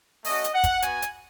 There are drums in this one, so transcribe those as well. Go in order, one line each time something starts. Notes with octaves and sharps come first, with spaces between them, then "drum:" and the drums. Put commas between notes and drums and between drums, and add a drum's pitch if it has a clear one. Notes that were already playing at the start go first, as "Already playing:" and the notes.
A3 C#4 F#4 D#5, drum: open hi-hat
drum: hi-hat
F#5
drum: kick, hi-hat
B3 F#4 G#5, drum: hi-hat
drum: hi-hat